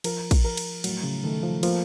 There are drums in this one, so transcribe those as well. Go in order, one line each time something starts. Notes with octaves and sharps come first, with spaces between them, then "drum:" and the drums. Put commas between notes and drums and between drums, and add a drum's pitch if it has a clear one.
F3 A#4, drum: cymbal
drum: kick, cymbal
A#4
drum: cymbal
A2 F#3, drum: cymbal
C#3
D#3 A3
F3
F3 A#3, drum: cymbal